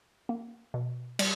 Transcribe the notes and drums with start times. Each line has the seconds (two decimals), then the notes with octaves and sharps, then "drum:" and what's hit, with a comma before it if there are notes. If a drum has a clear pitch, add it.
0.29 A#3
0.74 B2
1.19 G3, drum: cymbal